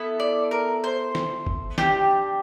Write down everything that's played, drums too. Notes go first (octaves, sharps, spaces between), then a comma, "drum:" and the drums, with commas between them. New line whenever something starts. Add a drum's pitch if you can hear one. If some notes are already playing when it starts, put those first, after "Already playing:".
Already playing: B3 E4 A4
D5
A#4
C5
drum: snare
drum: kick F#1
D4 G4, drum: snare